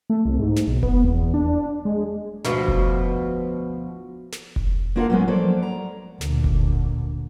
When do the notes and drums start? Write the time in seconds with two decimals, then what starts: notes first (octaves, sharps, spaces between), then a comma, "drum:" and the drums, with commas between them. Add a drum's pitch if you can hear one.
0.10 A3
0.25 C2
0.39 G#2
0.57 drum: snare
0.67 B1
0.83 B3, drum: kick F1
1.05 E2
1.34 D4
1.85 G#3
2.45 D2 B2 F3, drum: snare
2.68 drum: kick F1
4.33 drum: snare
4.56 drum: kick F1
4.96 A#3 D4 F4 A#4 C#5 F#5
5.10 F#3 G#3 A#3 B3 C#4
5.28 F3 F#3 A#3 A4 C5 D5
5.62 A#5
6.21 D2 A#2, drum: snare
6.44 drum: kick F1